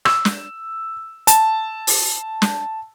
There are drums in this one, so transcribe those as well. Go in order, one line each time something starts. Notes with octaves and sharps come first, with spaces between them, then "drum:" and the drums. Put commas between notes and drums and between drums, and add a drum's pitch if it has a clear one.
E6, drum: rim click
drum: snare
A5, drum: hi-hat
drum: open hi-hat
drum: snare